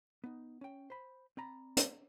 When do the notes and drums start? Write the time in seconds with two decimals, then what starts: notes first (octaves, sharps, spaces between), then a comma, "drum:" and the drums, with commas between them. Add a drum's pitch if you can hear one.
0.24 B3 D#4
0.61 C#4 G5
0.90 C5 B5
1.37 C4 D5 A#5 B5
1.77 drum: hi-hat